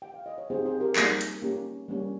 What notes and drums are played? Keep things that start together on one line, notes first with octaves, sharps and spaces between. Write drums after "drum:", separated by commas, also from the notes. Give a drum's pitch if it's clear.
G5
F5
D#5
C#5
C4 D#4 G4 G#4 C5
G#4 C5
G4 A#4
G3 A#3 D#4 G4 G#4, drum: clap
drum: hi-hat
A#3 C#4 G4
G3 A#3 C#4 G4